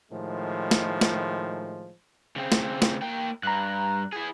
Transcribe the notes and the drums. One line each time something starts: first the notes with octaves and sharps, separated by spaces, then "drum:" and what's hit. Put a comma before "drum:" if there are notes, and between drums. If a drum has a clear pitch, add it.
A2 D#3 F3 G#3
drum: snare
drum: snare
C#3 C4
drum: snare
drum: snare
A#3 G5
G2 A#5 F#6
E4 G#4